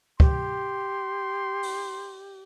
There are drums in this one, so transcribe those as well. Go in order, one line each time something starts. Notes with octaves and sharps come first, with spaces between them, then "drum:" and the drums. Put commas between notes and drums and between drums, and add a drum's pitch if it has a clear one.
G4 C6, drum: kick C#2
drum: open hi-hat